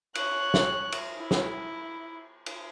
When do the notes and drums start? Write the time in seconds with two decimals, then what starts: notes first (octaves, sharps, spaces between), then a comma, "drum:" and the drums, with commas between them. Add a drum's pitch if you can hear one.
0.15 C#5 F#6, drum: cymbal
0.54 drum: snare
0.92 drum: cymbal
1.18 E4
1.31 drum: snare
2.46 drum: cymbal